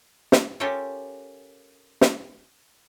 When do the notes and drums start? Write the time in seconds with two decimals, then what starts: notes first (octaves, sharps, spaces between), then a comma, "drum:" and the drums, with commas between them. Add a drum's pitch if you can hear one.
0.32 drum: snare
0.60 C#4 F4 G4 A4 A#4 C#5
2.01 drum: snare